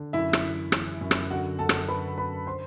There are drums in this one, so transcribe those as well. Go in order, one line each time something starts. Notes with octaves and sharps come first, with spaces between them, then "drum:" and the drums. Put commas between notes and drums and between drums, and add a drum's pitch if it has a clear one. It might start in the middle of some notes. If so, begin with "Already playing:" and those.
Already playing: D3
F#2 E4 E5
drum: rim click
E3
E3, drum: rim click
F#2
drum: rim click
D3 F#4 F#5
F#2 A4 A5
drum: rim click
D3 B4 B5
F#2 B4 B5
C5 C6